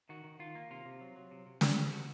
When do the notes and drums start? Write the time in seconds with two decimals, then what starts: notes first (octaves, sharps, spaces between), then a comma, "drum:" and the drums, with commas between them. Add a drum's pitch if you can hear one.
0.09 D#3 F#4
0.24 D#3
0.39 D#3 F4
0.55 A#3
0.71 C3 F4
0.85 C3
1.01 F#3
1.16 F#3
1.31 C3
1.46 C3
1.61 C3, drum: snare
1.76 C3
1.92 F#4